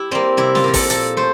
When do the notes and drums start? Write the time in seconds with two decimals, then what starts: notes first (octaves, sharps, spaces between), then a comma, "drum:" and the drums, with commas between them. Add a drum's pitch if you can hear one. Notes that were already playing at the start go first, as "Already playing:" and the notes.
Already playing: E4 G4
0.11 G3 A#3 C4
0.37 C3 E4
0.55 F4, drum: snare
0.64 F3 A#3
0.74 A4, drum: kick, open hi-hat
0.90 A#2 A4, drum: hi-hat
1.17 A3 C5